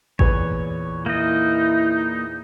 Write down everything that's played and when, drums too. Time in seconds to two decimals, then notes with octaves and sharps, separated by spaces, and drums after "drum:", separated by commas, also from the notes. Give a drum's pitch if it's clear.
0.19 E2 A#2 B4 C#5, drum: kick A1
1.06 A#3 D#4 E4 D#5